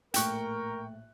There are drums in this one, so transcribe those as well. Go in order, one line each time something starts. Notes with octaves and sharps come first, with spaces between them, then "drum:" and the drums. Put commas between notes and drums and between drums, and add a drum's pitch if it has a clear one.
A#1 A2 A#4 G5 C#6 F#6, drum: hi-hat